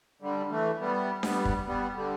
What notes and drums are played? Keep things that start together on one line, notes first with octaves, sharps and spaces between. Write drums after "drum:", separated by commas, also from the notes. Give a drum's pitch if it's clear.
D3 G3
E3 A3
G3 B3
G3 B3, drum: snare D4
drum: kick
G3 B3
D3 G3